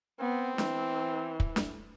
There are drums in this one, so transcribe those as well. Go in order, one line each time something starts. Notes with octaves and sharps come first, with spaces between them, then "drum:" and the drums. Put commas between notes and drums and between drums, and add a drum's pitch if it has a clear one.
B3 C4
E3, drum: snare D4
drum: kick
drum: snare D4